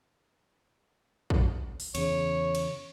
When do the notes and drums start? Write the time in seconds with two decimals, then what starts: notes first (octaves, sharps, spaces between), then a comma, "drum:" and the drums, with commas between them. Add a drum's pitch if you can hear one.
1.30 drum: kick
1.80 drum: open hi-hat
1.95 E2 C#3 C#5, drum: cymbal
2.55 drum: cymbal